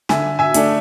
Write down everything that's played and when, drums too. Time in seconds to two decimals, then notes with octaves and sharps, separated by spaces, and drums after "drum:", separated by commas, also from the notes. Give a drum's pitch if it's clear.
0.09 D3 E5 G#5, drum: snare
0.39 E5 G#5
0.54 A3 D4, drum: hi-hat